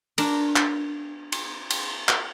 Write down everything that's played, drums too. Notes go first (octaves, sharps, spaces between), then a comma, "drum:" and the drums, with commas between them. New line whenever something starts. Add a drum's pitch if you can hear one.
D4 A#4, drum: cymbal
drum: clap
drum: cymbal
drum: cymbal
drum: clap